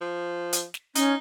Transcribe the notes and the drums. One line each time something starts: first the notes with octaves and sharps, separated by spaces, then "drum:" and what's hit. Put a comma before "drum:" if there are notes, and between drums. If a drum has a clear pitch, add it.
F3
drum: hi-hat
drum: snare
C#4 D#4, drum: hi-hat